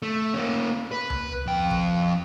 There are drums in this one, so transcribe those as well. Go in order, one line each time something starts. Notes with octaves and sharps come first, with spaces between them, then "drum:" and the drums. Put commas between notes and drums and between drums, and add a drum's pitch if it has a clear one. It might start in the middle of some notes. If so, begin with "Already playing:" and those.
A3
A#3 C#4
B4
drum: tom C#2
F2 G5
drum: kick